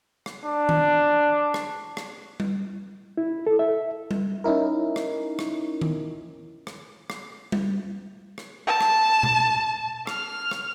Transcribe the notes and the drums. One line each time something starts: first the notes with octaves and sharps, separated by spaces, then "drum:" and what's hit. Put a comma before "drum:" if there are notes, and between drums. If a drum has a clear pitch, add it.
drum: rim click
D4
drum: tom D#3
drum: rim click
drum: rim click
drum: tom G3
E4
A4
E5
drum: tom G3
C#4 D#4 E4 A#4
drum: rim click
drum: rim click
drum: tom D#3
drum: rim click
drum: rim click
drum: tom G3
drum: rim click
A5
drum: rim click
drum: tom B2
F6, drum: rim click
drum: rim click